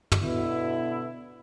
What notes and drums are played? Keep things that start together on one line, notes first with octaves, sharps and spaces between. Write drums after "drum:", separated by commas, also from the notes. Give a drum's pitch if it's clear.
drum: tom
B2 D3 E4